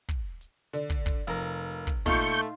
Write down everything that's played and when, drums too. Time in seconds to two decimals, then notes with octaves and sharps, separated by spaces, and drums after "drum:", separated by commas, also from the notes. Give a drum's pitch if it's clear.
0.09 drum: kick, hi-hat
0.41 drum: hi-hat
0.73 D3, drum: hi-hat
0.90 drum: kick
1.06 drum: kick, hi-hat
1.27 F1 A#4 F5
1.38 drum: hi-hat
1.71 drum: hi-hat
1.87 drum: kick
2.06 A#2 A3 D#4 F5 C6 C#6 G6, drum: kick, hi-hat
2.35 drum: hi-hat